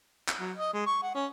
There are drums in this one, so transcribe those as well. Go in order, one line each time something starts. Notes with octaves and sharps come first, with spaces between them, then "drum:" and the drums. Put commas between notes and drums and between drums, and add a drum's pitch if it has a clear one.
drum: clap
F#3
D#5
G#3
C#6
F#5
C#4